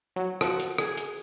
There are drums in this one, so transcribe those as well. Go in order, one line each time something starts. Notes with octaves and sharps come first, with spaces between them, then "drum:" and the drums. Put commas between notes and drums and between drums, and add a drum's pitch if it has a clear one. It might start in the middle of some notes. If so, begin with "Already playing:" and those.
F#3
F3 F#4, drum: rim click
drum: hi-hat
G#4, drum: rim click
drum: hi-hat